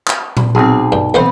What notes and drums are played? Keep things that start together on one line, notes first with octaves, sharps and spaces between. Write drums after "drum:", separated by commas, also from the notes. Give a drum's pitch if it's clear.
drum: clap
drum: tom A#2
B1 C4 G#4
G2
B1 E3 B3 C4 C5